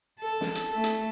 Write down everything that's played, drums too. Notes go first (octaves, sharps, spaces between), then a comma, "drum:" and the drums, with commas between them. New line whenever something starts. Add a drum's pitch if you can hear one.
A4
drum: snare
drum: hi-hat
A3 A4
drum: hi-hat